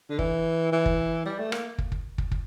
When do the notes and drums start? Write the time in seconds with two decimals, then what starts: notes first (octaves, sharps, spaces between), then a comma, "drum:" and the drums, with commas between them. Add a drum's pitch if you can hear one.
0.10 D3
0.19 E3, drum: kick
0.72 E3
0.86 drum: kick
1.26 G3
1.39 A3
1.52 A#3, drum: rim click
1.78 drum: kick
1.92 drum: kick
2.18 drum: kick
2.32 drum: kick